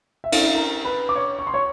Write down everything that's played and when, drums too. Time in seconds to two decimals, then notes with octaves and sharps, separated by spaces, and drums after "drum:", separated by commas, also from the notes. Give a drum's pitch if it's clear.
0.24 E5
0.32 F5, drum: cymbal
0.41 E4 E5
0.55 A#4 A#5
0.85 B4 B5
1.09 D6
1.16 C#5 C#6
1.39 C#6
1.47 C6
1.54 C#5 C#6